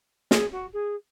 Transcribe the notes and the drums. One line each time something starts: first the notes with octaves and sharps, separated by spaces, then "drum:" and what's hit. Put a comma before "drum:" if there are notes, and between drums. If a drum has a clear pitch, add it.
G#4, drum: snare
F#4
G#4